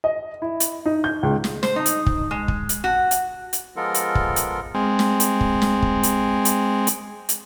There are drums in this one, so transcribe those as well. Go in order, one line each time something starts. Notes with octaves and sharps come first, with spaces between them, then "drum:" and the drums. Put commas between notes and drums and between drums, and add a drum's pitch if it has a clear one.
D#5
E4
drum: hi-hat
D#4
G6
C#2
drum: snare
C5, drum: snare
D#4
drum: hi-hat
drum: kick
G#3
drum: kick
drum: hi-hat
F#4
drum: hi-hat
drum: hi-hat
F3 G#3 B3 F4 A4 A#4
drum: hi-hat
drum: kick
drum: hi-hat
G#3 C4
drum: snare
drum: hi-hat
drum: kick
drum: snare
drum: kick
drum: hi-hat
drum: hi-hat
drum: hi-hat
drum: hi-hat